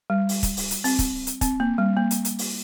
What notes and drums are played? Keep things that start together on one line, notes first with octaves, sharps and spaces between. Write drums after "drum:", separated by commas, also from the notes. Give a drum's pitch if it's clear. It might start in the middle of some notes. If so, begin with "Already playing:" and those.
G3
drum: open hi-hat
drum: kick, hi-hat
drum: open hi-hat
drum: hi-hat
C4, drum: open hi-hat
drum: kick, hi-hat
drum: hi-hat
C4, drum: kick, hi-hat
A#3
G3
A#3
drum: hi-hat
drum: hi-hat
drum: open hi-hat